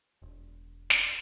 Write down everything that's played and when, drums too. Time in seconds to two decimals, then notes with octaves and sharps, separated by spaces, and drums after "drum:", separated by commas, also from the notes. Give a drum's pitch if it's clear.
0.22 E1
0.90 drum: snare